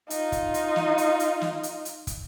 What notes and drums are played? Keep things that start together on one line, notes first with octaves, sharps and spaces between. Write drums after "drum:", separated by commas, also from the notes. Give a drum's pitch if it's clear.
D#4 F4, drum: hi-hat
drum: kick, hi-hat
drum: hi-hat
drum: snare
drum: hi-hat
drum: hi-hat
drum: snare
drum: hi-hat
drum: hi-hat
drum: kick, hi-hat